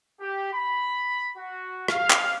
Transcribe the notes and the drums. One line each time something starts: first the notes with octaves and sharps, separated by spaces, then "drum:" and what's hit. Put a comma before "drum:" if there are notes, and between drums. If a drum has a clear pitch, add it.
G4
B5
F#4
F5, drum: rim click
drum: clap